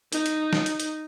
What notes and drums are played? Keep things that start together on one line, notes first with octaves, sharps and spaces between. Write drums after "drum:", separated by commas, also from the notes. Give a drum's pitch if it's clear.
D#4, drum: hi-hat
drum: hi-hat
drum: snare
drum: hi-hat
drum: hi-hat